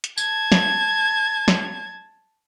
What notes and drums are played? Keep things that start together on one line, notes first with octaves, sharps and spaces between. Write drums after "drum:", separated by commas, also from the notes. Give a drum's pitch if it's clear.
drum: hi-hat
A5 G#6, drum: tambourine
drum: snare
drum: snare